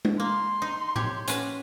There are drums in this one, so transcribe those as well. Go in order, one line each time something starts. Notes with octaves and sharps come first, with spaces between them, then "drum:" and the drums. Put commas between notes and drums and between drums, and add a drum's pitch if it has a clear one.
drum: tom G#3
A#3 C6
D#4
G4 C#5, drum: tom A2
C#4 F#4 B4, drum: hi-hat